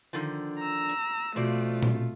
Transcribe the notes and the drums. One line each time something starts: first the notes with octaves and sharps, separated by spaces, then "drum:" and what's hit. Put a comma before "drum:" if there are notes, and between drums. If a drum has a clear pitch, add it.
D3 D#3 F3
A#5 E6
drum: hi-hat
F2 B2 A3 C4 F4 D5
drum: tom A#2